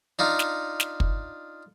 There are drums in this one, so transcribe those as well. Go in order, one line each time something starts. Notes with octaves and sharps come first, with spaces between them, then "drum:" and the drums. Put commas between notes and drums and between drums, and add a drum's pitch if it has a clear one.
D4 D#4 F4
drum: snare
drum: snare
drum: kick